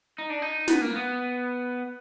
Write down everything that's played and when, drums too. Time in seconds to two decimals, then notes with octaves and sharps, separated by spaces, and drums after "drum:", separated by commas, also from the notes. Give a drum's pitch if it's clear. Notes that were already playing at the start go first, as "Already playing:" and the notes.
0.18 D#4
0.30 D4
0.42 D#4
0.68 B3, drum: snare
0.81 A#3
0.96 B3